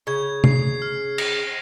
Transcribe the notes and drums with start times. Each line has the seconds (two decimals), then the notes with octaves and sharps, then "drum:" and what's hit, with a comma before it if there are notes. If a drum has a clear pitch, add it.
0.07 C#3 G#6
0.44 C7, drum: tom C3
0.82 F6
1.18 A#6, drum: cymbal